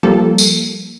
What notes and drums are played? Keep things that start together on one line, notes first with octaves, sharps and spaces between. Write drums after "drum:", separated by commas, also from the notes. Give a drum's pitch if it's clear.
F3 G3 A#3 A4
drum: tambourine